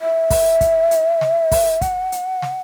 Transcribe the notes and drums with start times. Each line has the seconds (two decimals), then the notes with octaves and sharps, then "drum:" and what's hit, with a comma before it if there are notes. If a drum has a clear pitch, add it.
0.01 E5
0.30 drum: kick, open hi-hat
0.61 drum: kick, hi-hat
0.91 drum: hi-hat
1.21 drum: snare
1.52 drum: kick, open hi-hat
1.81 F#5, drum: kick, hi-hat
2.12 drum: hi-hat
2.42 drum: snare